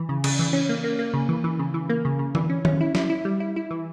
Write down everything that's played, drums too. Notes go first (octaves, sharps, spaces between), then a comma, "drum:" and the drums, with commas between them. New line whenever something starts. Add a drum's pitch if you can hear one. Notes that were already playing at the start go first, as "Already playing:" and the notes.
Already playing: E3
C#3
C#3, drum: cymbal
E3
C#4
A#3
A#3
A#3
C#3
E3
E3
C#3
E3
A#3
C#3
C#3
E3, drum: tom D3
C#4
C#4, drum: tom D#3
E4
E4, drum: snare
E4
G3
E4
E4
E3